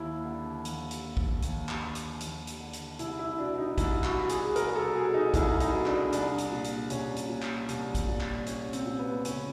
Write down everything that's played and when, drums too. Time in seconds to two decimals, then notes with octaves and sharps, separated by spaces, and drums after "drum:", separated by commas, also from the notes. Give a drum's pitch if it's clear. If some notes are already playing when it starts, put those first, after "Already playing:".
Already playing: D#2 E4
0.25 D3
0.65 D#2, drum: hi-hat
0.91 drum: hi-hat
1.04 D3
1.17 drum: kick
1.42 D#2, drum: hi-hat
1.69 drum: clap
1.82 D3
1.95 drum: hi-hat
2.21 D#2, drum: hi-hat
2.47 drum: hi-hat
2.60 D3
2.73 drum: hi-hat
2.99 C2 E4, drum: hi-hat
3.19 E4
3.38 B2 D4
3.58 D#4
3.78 C2 E4, drum: kick, hi-hat
4.04 F#4, drum: clap
4.17 B2
4.29 G#4, drum: hi-hat
4.56 C2 A#4, drum: hi-hat
4.75 A4
4.95 B2 G#4
5.14 D#4
5.34 C2 E4, drum: kick, hi-hat
5.60 D#4, drum: hi-hat
5.72 B2
5.86 D4, drum: clap
6.12 C2 D4, drum: hi-hat
6.38 drum: hi-hat
6.51 A#2
6.64 drum: hi-hat
6.90 C2 C#4, drum: hi-hat
7.16 drum: hi-hat
7.29 A#2
7.42 drum: clap
7.69 C2, drum: hi-hat
7.95 drum: kick, hi-hat
8.08 A#2
8.21 drum: clap
8.46 C2 C#4, drum: hi-hat
8.73 C4, drum: hi-hat
8.86 A#2
8.99 B3
9.25 C#2 C#4, drum: hi-hat